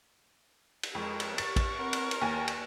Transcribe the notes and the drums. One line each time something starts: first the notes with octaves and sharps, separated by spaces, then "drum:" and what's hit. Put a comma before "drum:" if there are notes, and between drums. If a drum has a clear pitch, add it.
drum: cymbal
F2 G#3 A#4 C#6
drum: cymbal
G4 C#6 A6, drum: cymbal
drum: kick A1, cymbal
C4 A#4 F#5 B5
drum: cymbal
drum: cymbal
D#2 A#3 G#5
drum: cymbal